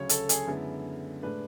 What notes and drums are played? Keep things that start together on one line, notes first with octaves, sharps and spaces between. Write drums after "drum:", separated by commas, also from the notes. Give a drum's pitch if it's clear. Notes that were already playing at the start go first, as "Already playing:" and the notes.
Already playing: D2 C#3 F#3 C#5
A4, drum: hi-hat
G#4, drum: hi-hat
F#2 D3 G#3 B3 E4
A2 G#3 D4 B4